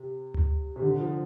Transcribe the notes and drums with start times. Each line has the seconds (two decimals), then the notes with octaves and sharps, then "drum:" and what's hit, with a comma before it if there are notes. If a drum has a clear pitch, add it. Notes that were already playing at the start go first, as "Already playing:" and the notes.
Already playing: C3
0.34 drum: tom D2
0.76 C3
0.82 D3
1.00 F3